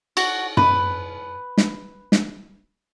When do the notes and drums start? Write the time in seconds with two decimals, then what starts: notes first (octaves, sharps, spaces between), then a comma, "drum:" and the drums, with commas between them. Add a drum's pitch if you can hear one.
0.17 F#4, drum: cymbal
0.57 B4, drum: tom F#2
1.58 drum: snare
2.12 drum: snare